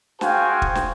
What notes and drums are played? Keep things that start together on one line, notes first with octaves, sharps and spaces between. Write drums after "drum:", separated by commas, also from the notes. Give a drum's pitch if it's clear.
F#4 G#4 C5 F5 G5 G#5, drum: snare
drum: kick
drum: snare